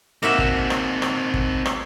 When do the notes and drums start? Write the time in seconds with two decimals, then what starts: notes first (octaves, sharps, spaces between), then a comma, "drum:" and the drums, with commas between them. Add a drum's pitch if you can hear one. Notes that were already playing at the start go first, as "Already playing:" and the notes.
0.23 A#3 C4 D#4 F#4 E5
0.38 drum: kick
0.70 drum: rim click
1.02 drum: rim click
1.34 drum: kick
1.65 drum: rim click